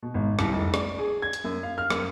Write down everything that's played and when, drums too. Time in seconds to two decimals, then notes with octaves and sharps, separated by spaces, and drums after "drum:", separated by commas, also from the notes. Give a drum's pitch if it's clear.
0.02 B2
0.14 G#1
0.39 C2, drum: rim click
0.53 F1
0.74 D5, drum: rim click
0.99 G#4
1.22 G#6
1.33 drum: hi-hat
1.44 F#2
1.63 F5
1.78 F6
1.90 F#2, drum: rim click